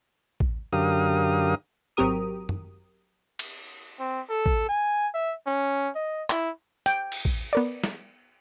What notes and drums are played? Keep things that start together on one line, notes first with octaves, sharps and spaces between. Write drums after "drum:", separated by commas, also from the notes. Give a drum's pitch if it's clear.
drum: kick A1
F#2 D3 G4 A#4 F5 D#6
G#1 F#3 C4 G4 A#4 D#6
drum: tom
drum: cymbal
C4
A4
drum: kick A1
G#5
E5
C#4
D#5
E4, drum: clap
G5, drum: hi-hat
drum: cymbal
drum: kick A1
B3 A#4 D5
drum: snare